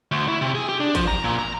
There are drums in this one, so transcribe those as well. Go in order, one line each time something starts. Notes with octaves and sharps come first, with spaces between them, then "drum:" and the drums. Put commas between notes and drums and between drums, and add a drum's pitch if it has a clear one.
D2
E4
C3
G#4
G4
D4
F3, drum: kick G#1, hi-hat
A#5
A#2
A#5